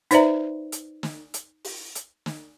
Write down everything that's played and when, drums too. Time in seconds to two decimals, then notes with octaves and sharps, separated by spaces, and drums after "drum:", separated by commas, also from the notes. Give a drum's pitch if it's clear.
0.11 D#4 B4 C5 D5 E5 A#5, drum: hi-hat
0.72 drum: hi-hat
1.03 drum: snare
1.34 drum: hi-hat
1.64 drum: open hi-hat
1.95 drum: hi-hat
2.26 drum: snare